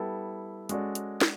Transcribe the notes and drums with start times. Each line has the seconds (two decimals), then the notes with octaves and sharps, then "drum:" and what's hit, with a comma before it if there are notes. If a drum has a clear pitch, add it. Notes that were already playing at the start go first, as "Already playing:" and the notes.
Already playing: G3 B3 E4 A4
0.69 G#3 C#4 F#4 A4 D5, drum: hi-hat
0.95 drum: hi-hat
1.21 drum: snare